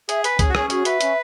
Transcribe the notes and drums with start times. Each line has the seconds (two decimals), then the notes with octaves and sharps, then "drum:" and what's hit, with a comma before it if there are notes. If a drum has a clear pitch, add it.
0.09 G#4 E5, drum: hi-hat
0.24 B4 G#5, drum: hi-hat
0.39 C#4 G#4, drum: kick C#2, hi-hat
0.49 F#4
0.55 C#4 G#4, drum: rim click
0.70 F#4 G#4, drum: hi-hat
0.85 B4 E5, drum: hi-hat
1.01 C#4, drum: hi-hat